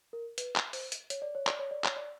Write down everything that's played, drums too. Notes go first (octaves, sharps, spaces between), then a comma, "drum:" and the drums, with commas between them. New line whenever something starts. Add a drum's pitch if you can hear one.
A#4
B4, drum: hi-hat
drum: clap
C5, drum: open hi-hat
drum: hi-hat
C#5, drum: hi-hat
D5
C#5
D5, drum: clap
C#5
D5
C#5, drum: clap
D5